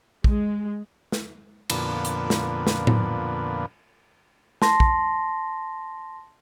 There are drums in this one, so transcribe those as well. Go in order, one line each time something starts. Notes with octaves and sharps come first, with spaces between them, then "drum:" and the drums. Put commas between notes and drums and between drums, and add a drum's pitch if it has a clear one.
G#3, drum: kick
drum: snare
F2 A#2 D3 B3, drum: cymbal
drum: hi-hat
drum: snare
drum: snare
drum: tom A2
A5 C6 A#6, drum: snare
drum: kick